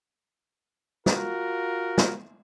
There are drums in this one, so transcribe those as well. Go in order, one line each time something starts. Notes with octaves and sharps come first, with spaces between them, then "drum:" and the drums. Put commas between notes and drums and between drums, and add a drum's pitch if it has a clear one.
F4 F#4 A#4, drum: snare
drum: snare